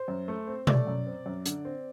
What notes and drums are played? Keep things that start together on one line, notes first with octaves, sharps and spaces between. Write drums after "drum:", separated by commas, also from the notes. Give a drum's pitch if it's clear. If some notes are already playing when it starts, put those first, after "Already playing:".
Already playing: C5
F#2
A3
C4
A3 D5, drum: tom B2
F#2
C4
F#2
D3, drum: hi-hat
C4